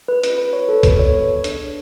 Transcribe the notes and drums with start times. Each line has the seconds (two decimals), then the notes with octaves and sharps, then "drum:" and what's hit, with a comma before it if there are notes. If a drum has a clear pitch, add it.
0.08 B4
0.23 C#4 F4 G#4 B4, drum: hi-hat
0.38 B4
0.53 C#5
0.69 A4
0.83 B3 F#4 A4 B4, drum: kick, hi-hat
0.99 C#5
1.44 D4 G#4, drum: hi-hat